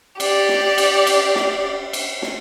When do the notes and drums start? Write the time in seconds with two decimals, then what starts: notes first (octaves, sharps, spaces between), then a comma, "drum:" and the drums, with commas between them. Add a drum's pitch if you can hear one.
0.20 G4 D5, drum: cymbal
0.49 drum: snare
0.78 drum: cymbal
1.07 drum: cymbal
1.36 drum: snare
1.93 drum: cymbal
2.22 drum: snare